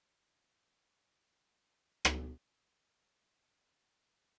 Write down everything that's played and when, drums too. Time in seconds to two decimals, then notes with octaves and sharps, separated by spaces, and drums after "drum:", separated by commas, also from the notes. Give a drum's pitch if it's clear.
0.22 B4
0.75 D4
2.05 drum: rim click
2.88 D#2 A#2 A4